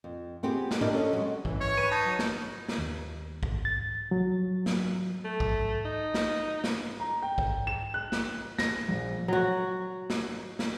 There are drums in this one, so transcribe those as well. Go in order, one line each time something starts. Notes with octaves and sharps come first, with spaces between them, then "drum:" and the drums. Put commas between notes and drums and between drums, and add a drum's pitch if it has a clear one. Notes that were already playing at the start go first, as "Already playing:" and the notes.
F2
B3 C4 F4 G4 G#4
drum: snare
D4 E4 G4 A#4 D5 D#5
C#4 A4 D#5
F#3 G#3
E3, drum: kick
C#5
B4 C#6 D#7
D#4 A5
F#3
drum: snare
drum: snare
D#2
drum: kick
A6
F#3
drum: snare
A3
drum: kick
D#4
drum: snare
drum: snare
A#5
G5
drum: kick
E7
F#6
drum: snare
A#6, drum: snare
A#1
F#3 F#4
drum: snare
drum: snare